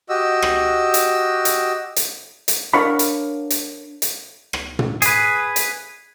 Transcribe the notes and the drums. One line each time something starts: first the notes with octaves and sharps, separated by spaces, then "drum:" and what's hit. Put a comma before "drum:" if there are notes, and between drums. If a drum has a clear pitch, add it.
F#4 G4 D#5 E6
drum: rim click
drum: hi-hat
drum: hi-hat
drum: hi-hat
drum: hi-hat
D4 A#4 C#5 F5 F#5 B5
drum: hi-hat
drum: hi-hat
drum: hi-hat
drum: rim click
drum: tom
G#4 B4, drum: hi-hat
drum: hi-hat